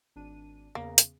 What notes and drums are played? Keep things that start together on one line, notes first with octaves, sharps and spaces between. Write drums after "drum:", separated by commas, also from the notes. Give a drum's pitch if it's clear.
G#1 D4 D#7
E2 C#3 A#3
drum: hi-hat